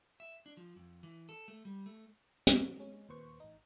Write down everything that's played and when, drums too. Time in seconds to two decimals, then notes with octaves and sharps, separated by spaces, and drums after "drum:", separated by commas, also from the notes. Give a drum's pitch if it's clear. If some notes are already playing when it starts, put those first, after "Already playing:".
0.20 E5
0.46 D4
0.57 F3
0.76 F2
1.03 E3
1.29 A4
1.48 A3
1.65 G3
1.86 A3
2.47 drum: hi-hat
2.56 D#3 F#3
2.76 G#3 C#4
3.09 D#2 A#2 B4 C5 C#6
3.40 A1 D#4